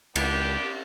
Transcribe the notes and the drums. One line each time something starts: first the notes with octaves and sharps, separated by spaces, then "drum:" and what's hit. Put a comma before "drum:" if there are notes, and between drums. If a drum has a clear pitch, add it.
C#2 B3 D4 G4, drum: cymbal